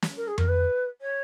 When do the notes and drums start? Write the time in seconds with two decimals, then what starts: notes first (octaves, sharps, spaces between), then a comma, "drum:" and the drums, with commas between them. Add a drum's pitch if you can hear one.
0.02 drum: snare
0.17 A#4
0.27 G#4
0.38 A#4, drum: tom F2
0.48 B4
1.01 C#5